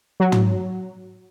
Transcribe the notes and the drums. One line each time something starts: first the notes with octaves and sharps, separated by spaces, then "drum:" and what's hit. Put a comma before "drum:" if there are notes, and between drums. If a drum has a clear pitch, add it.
F#3
drum: tom